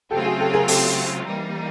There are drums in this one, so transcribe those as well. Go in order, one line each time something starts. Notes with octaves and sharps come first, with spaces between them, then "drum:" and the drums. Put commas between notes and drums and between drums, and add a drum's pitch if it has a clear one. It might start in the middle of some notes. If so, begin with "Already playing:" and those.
C#3 F#3 A3 C4 F4 G4 A4
F#4 G#4
G4 A4
G#4 A#4
G4 A4, drum: open hi-hat
E3 G3 A#3 D#4